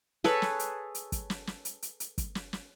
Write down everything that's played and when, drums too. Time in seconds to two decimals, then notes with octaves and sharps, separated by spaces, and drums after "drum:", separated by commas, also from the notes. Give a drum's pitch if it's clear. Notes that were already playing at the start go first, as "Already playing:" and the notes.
0.24 G#4 A4 B4 C#5, drum: snare
0.42 drum: snare
0.59 drum: hi-hat
0.95 drum: hi-hat
1.12 drum: kick, hi-hat
1.30 drum: snare
1.47 drum: snare
1.65 drum: hi-hat
1.82 drum: hi-hat
2.00 drum: hi-hat
2.18 drum: kick, hi-hat
2.35 drum: snare
2.53 drum: snare